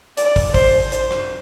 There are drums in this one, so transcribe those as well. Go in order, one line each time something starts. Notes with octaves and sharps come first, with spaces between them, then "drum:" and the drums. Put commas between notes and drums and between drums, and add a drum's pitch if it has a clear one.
D5, drum: hi-hat
drum: kick, open hi-hat
C5, drum: kick, open hi-hat
C5, drum: hi-hat
drum: rim click